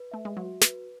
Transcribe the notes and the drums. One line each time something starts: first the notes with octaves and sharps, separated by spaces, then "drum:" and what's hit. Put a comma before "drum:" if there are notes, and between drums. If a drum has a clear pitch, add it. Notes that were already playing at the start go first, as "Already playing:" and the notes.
Already playing: B4
A3 E5
G#3
F#3 F#4
B4, drum: snare